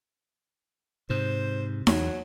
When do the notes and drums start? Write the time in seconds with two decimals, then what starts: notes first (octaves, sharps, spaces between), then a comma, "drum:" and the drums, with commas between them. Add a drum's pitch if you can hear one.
1.10 G#2 C3 C5
1.87 E2 F#3, drum: snare D#4